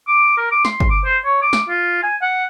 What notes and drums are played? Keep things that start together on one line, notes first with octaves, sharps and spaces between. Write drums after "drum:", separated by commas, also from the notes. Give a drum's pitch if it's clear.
D6
A#4
D6
C6, drum: snare
drum: kick
D6
C5
C#5
D6
drum: snare
F4
G#5
F#5